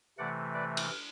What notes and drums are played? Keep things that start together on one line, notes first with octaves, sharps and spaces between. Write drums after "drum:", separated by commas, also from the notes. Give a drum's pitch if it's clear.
C3 E3 A3 D5 F#5
B4 D5
drum: cymbal